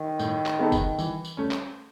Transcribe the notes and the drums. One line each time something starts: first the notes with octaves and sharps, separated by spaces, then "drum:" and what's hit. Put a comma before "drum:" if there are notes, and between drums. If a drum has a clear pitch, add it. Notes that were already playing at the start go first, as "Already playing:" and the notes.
Already playing: D#3
A2, drum: tambourine
drum: clap
G#3 B3 D#4 A4
drum: kick, tambourine
E3, drum: tambourine
drum: tambourine
A3 C#4
drum: clap